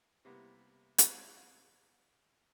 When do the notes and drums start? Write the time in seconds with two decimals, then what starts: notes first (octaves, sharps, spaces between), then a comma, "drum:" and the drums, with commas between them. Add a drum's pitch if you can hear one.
0.25 C3 G3 A#3 B3 E4
0.98 drum: hi-hat